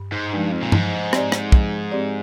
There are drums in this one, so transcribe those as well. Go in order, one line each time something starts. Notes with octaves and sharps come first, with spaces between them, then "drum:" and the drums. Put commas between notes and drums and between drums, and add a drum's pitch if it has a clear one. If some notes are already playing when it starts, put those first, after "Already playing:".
Already playing: G2
G#2
G2 F3 G#3 D#4
F2
A#2
G#2 F3, drum: tom
C4 G4 D5, drum: rim click
drum: rim click
F3, drum: kick
C4 G4 D5